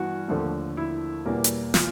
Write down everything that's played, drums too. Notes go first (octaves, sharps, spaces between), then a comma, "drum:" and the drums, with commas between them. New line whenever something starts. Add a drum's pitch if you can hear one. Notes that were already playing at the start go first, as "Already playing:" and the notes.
Already playing: G2 E3 B3 F#4
D#2 D3 F3 A3
E4
E2 B2 G3 A#3
drum: hi-hat
F4, drum: snare